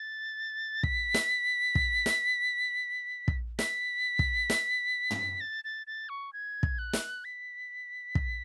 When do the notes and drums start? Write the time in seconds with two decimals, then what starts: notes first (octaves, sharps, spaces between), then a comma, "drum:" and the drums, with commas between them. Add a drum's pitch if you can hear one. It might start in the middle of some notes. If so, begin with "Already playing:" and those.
Already playing: A6
0.83 B6, drum: kick
1.14 drum: snare
1.75 drum: kick
2.06 drum: snare
3.28 drum: kick
3.59 B6, drum: snare
4.19 drum: kick
4.50 drum: snare
5.11 drum: tom
5.40 A6
5.64 A6
5.87 A6
6.09 C#6
6.33 G#6
6.63 drum: kick
6.78 F#6
6.93 drum: snare
7.24 B6
8.15 drum: kick